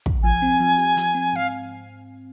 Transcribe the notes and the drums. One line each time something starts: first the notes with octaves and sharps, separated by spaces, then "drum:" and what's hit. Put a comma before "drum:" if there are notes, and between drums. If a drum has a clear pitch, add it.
drum: kick
F3 G#5
C4
F3
G4
F3, drum: hi-hat
C4
G#2 F5